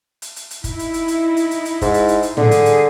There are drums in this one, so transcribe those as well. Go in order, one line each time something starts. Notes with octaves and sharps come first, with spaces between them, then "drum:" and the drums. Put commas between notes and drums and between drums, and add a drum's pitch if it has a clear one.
drum: hi-hat
drum: hi-hat
drum: hi-hat
D#4 E4, drum: kick, hi-hat
drum: hi-hat
drum: hi-hat
drum: hi-hat
drum: hi-hat
drum: hi-hat
drum: hi-hat
G#2, drum: kick, hi-hat
drum: hi-hat
drum: hi-hat
drum: hi-hat
D3 G3 G#4, drum: tom
drum: hi-hat
drum: hi-hat